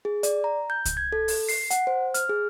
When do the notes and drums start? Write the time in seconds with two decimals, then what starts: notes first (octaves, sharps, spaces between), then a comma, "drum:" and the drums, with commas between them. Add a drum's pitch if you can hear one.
0.05 G#4
0.23 D5, drum: hi-hat
0.44 A#5
0.70 G6
0.85 drum: kick C2, hi-hat
0.97 G#6
1.12 A4
1.28 drum: open hi-hat
1.49 C7, drum: open hi-hat
1.70 F#5, drum: hi-hat
1.87 C5
2.14 F6, drum: hi-hat
2.29 G#4